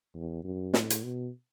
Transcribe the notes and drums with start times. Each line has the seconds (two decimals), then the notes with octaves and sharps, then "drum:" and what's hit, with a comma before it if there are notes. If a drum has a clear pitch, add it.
0.15 E2
0.44 F#2
0.74 A2, drum: snare
0.90 drum: hi-hat
1.03 B2